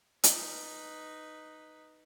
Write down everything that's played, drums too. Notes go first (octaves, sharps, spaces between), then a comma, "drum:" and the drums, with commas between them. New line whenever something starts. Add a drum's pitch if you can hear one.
D#4 B4, drum: hi-hat